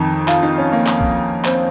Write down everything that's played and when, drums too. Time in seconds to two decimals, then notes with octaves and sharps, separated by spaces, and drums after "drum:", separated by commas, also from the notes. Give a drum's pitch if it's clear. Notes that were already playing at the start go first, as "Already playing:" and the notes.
Already playing: F2 D#3 D#4
0.28 F4, drum: clap
0.43 D#4
0.58 C#4
0.72 A#3
0.86 drum: clap
1.01 drum: kick B1
1.44 C4, drum: clap